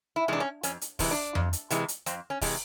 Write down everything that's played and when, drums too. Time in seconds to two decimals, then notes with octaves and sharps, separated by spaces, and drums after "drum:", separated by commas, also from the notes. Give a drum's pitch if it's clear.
0.16 E4
0.28 C3 E3 G#3 D4
0.40 C#4
0.63 F2 C#4, drum: hi-hat
0.81 drum: hi-hat
0.99 C3 E3 G#3, drum: kick, open hi-hat
1.11 D4
1.35 F2, drum: tom F2
1.53 drum: hi-hat
1.70 C3 E3 G#3, drum: hi-hat
1.88 drum: hi-hat
2.06 F2 C4, drum: hi-hat
2.30 C#4
2.41 C3 E3 G#3, drum: kick, open hi-hat